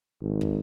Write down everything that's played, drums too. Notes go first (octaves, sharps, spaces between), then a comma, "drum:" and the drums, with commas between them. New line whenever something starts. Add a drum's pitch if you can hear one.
G#1
drum: kick